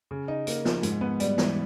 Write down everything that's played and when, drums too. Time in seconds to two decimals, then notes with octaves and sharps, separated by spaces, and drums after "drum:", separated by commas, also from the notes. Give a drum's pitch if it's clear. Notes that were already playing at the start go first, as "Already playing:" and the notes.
0.11 C#3
0.28 D#4
0.47 A#3, drum: hi-hat
0.65 F3, drum: snare
0.83 G#2, drum: hi-hat
1.01 B3
1.20 G3, drum: hi-hat
1.38 E3, drum: snare